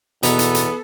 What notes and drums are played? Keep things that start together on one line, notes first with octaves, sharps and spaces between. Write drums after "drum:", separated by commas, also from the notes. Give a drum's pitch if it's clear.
E2 B2 B3 A4 B4 A#5, drum: hi-hat
drum: hi-hat
drum: hi-hat